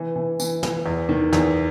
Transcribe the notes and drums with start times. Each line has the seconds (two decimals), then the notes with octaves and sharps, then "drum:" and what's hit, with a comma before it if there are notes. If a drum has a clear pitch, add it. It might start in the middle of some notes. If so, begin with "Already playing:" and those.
Already playing: E3
0.16 E3
0.40 E3, drum: tambourine
0.63 E3, drum: snare
0.86 E2
1.09 D#3
1.33 E2, drum: snare